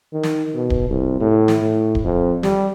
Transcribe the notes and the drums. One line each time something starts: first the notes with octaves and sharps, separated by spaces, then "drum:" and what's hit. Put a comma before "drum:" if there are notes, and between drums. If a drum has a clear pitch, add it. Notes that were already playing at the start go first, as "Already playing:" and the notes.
D#3
drum: snare
B2
drum: kick D1
C2
A2
drum: snare
A2
drum: kick D1
F2
G3, drum: snare